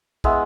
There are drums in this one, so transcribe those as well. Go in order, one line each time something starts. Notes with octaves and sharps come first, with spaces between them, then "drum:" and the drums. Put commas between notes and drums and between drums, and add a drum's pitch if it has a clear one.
G#3 B3 E4, drum: kick